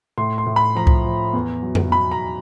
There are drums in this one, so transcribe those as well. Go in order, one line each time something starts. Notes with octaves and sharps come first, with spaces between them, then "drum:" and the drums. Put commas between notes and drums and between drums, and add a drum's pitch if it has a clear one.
A2 C6
C6
A2
B5
F3 A#5
drum: kick C2
F3
E2
F#3
drum: tom F2
B2 B5
A#5